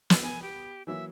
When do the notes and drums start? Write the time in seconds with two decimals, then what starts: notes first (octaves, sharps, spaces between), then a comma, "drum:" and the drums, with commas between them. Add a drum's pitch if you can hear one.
0.10 drum: snare
0.23 B3 G#5
0.42 G4
0.87 E3 F#3 A#3 E5